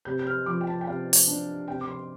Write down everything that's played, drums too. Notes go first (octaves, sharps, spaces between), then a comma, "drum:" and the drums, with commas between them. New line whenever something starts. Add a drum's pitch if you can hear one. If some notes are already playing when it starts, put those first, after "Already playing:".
C3 G6
G6
F6
F3 D6
G5
A5
G5
C3 F5
drum: open hi-hat
D4
C3 G5
D6
C6